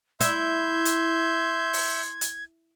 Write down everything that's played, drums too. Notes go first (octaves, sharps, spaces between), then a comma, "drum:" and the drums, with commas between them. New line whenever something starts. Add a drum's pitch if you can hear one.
E4 E5 C6 G6 G#6, drum: hi-hat
drum: hi-hat
drum: open hi-hat
drum: hi-hat